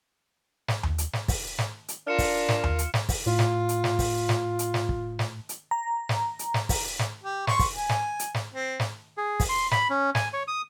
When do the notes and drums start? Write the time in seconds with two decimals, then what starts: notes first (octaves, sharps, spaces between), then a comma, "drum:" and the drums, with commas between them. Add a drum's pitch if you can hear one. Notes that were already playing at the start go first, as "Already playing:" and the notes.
0.68 drum: snare
0.83 drum: tom D#2
0.98 drum: hi-hat
1.13 drum: snare
1.28 drum: kick, open hi-hat
1.58 drum: snare
1.88 drum: hi-hat
2.07 D4 F4 A#4 F6 C#7 E7
2.19 drum: kick, open hi-hat
2.49 drum: snare
2.64 drum: tom D#2
2.79 drum: hi-hat
2.94 drum: snare
3.09 drum: kick, open hi-hat
3.26 A2 F4
3.39 drum: snare
3.69 drum: hi-hat
3.84 drum: snare
3.99 drum: kick, open hi-hat
4.29 drum: snare
4.59 drum: hi-hat
4.74 drum: snare
4.89 drum: kick
5.19 drum: snare
5.49 drum: hi-hat
5.71 A#5
6.09 drum: snare
6.39 drum: hi-hat
6.54 drum: snare
6.69 drum: kick, open hi-hat
6.99 drum: snare
7.23 G4
7.47 C6 C#6, drum: snare
7.59 drum: kick, open hi-hat
7.75 G#5
7.89 drum: snare
8.19 drum: hi-hat
8.34 drum: snare
8.54 C4
8.80 drum: snare
9.17 G#4
9.40 drum: kick, open hi-hat
9.49 C6
9.71 B5, drum: snare
9.90 C#4
10.15 G#5, drum: snare
10.33 C#5
10.48 D#6